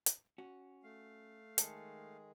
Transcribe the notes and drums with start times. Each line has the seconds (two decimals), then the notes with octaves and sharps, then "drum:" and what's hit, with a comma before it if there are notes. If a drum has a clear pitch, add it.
0.06 drum: hi-hat
0.38 C#4 F#4
0.84 A3 F5
1.58 D#3 G#3 G#4 A4, drum: hi-hat